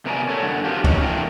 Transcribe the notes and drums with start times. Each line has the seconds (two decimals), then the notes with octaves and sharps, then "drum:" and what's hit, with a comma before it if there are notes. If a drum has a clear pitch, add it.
0.06 C3 B3 A#4 C5 D5 G#5
0.29 A4 C#5
0.43 F#2 D3
0.64 C4 D4 F4 G4
0.84 D#3 F#3 C#4, drum: kick, cymbal
1.01 D3 E3 C4 D4 A#4